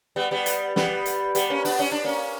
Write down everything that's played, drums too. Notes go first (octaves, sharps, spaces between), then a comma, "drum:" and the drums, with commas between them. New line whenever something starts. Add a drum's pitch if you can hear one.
G3 B3
G3 B3
drum: hi-hat
G3 B3, drum: snare
drum: hi-hat
G3 B3, drum: hi-hat
A#3 C#4
B3 D4, drum: open hi-hat
C#4
D4
A#3 C#4